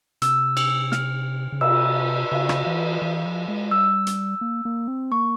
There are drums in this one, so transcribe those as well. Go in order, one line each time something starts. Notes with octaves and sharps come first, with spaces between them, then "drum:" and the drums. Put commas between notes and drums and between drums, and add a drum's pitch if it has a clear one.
C3 E6, drum: hi-hat
E6, drum: cymbal
F6, drum: snare
C#3
C3 E6, drum: cymbal
C#3, drum: cymbal
drum: rim click
E3
E3
F3
G#3
G3 E6
drum: hi-hat
A#3
A#3
C4
A#3 C#6